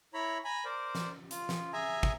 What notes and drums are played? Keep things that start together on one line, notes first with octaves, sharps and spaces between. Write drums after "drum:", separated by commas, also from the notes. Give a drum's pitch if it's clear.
E4 C#5 A#5 B5
G#5 A#5 B5
A#4 C5 D5
drum: snare
F4, drum: hi-hat
drum: snare
G#4 E5 G#5 A#5
drum: kick